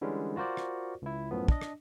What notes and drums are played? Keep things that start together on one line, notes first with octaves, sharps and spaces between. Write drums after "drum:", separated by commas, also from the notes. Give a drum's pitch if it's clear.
D3 E3 G3 G#3 C#4
F4 F#4 A#4 C5 D5
drum: rim click
C#2 E4
F#2 A2 F3 B3
D4 D#5, drum: kick
drum: rim click